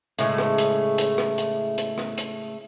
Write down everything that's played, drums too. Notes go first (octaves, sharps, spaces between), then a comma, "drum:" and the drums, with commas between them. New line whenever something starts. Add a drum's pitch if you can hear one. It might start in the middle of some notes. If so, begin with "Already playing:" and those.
A2 C#3 G#3 A3, drum: hi-hat
drum: rim click
drum: hi-hat
drum: hi-hat
drum: rim click
drum: hi-hat
drum: hi-hat
drum: rim click
drum: hi-hat